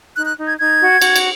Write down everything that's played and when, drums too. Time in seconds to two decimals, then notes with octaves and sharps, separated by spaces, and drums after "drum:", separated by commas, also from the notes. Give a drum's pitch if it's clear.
0.16 D#4 F#6
0.27 F#6
0.38 D#4
0.48 G#6
0.59 D#4 G#6
0.80 F#4
1.01 F#4, drum: cymbal
1.16 drum: cymbal